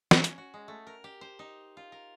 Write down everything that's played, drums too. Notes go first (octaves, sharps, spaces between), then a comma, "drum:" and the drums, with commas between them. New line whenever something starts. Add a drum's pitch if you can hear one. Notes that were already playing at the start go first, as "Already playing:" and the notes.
C#4, drum: snare
drum: hi-hat
F#4
G#3
A3
A#4
G4
C5
D#4
F4
A#4